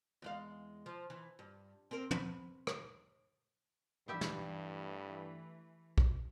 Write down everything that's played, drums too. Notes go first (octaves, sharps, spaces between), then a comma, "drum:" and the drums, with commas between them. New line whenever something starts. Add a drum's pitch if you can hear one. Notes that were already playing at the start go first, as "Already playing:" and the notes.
E2 G#3 F5
F3
E3
G2
C4 A#4
B4, drum: tom
drum: rim click
G2 E3 A3 B3 G4 E5
drum: snare
drum: kick A#1